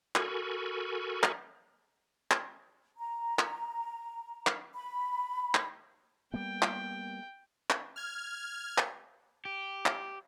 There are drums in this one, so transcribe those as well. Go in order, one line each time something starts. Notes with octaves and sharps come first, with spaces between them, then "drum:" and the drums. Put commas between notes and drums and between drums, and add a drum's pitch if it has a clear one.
F#4 A4 A#4 G#5 B5 C#6, drum: clap
drum: clap
drum: clap
A#5
drum: clap
drum: clap
B5
drum: clap
G3 A#3 B3 G5
drum: clap
drum: clap
F6 G#6
drum: clap
G4
drum: clap